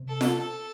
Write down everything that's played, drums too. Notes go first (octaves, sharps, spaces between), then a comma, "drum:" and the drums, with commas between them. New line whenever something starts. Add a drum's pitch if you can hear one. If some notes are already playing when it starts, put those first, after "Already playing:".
Already playing: C3
A4
drum: snare F4
A4